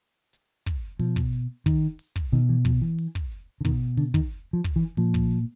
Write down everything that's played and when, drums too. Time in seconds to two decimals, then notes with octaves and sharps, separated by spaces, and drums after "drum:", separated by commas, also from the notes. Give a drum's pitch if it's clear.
0.33 drum: hi-hat
0.66 drum: kick, hi-hat
0.99 B2 F3, drum: open hi-hat
1.16 drum: kick
1.33 drum: hi-hat
1.66 D#3, drum: kick, hi-hat
1.99 drum: open hi-hat
2.16 drum: kick
2.32 B2 D#3, drum: hi-hat
2.49 E3
2.65 F3, drum: kick, hi-hat
2.81 E3
2.99 drum: open hi-hat
3.15 drum: kick
3.32 drum: hi-hat
3.61 D3
3.65 B2 D#3, drum: kick, hi-hat
3.97 D3, drum: open hi-hat
4.14 D#3, drum: kick
4.31 drum: hi-hat
4.53 F3
4.64 drum: kick, hi-hat
4.76 E3
4.97 A#2 F3, drum: open hi-hat
5.14 drum: kick
5.31 drum: hi-hat